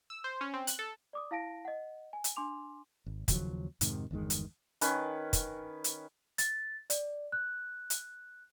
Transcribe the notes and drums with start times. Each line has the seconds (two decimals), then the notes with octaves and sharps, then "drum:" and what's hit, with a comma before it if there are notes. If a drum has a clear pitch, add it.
0.10 E6
0.24 C5
0.41 C#4
0.54 C4
0.67 F#6, drum: hi-hat
0.79 A4
1.13 D5 D6 D#6
1.31 E4 F5 A5 A#6 D7
1.65 D#5 F#5
2.13 G#5
2.24 drum: hi-hat
2.36 D4 G#5 C6 D6 F7
3.06 G#1
3.28 D#2 C#3 F3 F#3, drum: kick, hi-hat
3.81 F2 G#2 C3 D#3, drum: hi-hat
4.11 G1 E2 D#3 G#3
4.30 drum: hi-hat
4.81 D#3 C#4 B4, drum: hi-hat
5.33 drum: kick, hi-hat
5.84 drum: hi-hat
6.38 A6, drum: hi-hat
6.90 D5, drum: hi-hat
7.32 F#6
7.90 drum: hi-hat